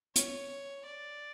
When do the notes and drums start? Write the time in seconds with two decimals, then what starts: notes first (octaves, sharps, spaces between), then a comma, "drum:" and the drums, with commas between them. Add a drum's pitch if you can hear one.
0.16 C#5, drum: hi-hat
0.86 D5